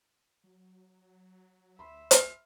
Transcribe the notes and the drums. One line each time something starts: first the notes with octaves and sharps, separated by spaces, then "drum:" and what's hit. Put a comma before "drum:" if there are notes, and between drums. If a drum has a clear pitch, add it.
F#3
D2 E5 B5 C6
drum: hi-hat